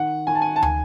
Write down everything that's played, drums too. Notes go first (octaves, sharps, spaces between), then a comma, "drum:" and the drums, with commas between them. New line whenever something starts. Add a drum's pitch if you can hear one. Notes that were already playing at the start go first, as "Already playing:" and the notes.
Already playing: D#3 F#5
D#3 G#5
A5
G#5
A5
G#5, drum: tom